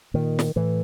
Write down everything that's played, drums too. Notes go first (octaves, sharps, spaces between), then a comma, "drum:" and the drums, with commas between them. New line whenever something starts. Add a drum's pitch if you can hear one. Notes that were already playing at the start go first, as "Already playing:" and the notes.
A#2 D#3
drum: snare
A2 E3